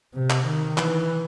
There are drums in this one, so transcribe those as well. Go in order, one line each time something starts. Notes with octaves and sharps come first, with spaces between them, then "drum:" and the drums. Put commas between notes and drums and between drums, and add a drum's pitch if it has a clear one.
C3
drum: clap
D#3
E3, drum: clap